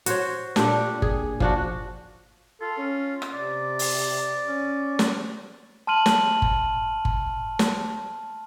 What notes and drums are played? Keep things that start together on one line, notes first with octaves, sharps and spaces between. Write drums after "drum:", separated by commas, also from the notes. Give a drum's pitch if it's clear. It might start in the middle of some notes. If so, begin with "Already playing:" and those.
F#4 C5 C#5, drum: hi-hat
A#2 D4 G4 A4, drum: snare
G#4, drum: kick G1
F3 D4 F#4, drum: kick G1
F4 A4
C#4
drum: rim click
C3 D5
drum: open hi-hat
C#4
drum: snare
A5 C6 F6 D#7 F#7
drum: snare
drum: kick G1
drum: kick G1
drum: snare